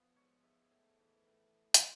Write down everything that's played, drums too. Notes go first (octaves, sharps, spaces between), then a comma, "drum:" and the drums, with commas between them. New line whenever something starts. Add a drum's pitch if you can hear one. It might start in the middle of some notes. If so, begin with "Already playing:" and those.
Already playing: F3 B3
G#2 C#5
G#2 E5
A2
E3
A2
drum: hi-hat